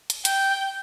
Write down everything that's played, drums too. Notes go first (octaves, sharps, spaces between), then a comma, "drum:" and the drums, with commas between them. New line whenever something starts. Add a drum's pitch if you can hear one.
drum: hi-hat
G5, drum: hi-hat